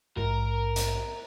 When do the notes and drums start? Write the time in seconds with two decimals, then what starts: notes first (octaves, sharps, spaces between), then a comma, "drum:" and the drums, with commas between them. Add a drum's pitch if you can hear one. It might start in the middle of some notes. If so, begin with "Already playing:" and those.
0.17 A#1 G#2 A#4
0.76 drum: hi-hat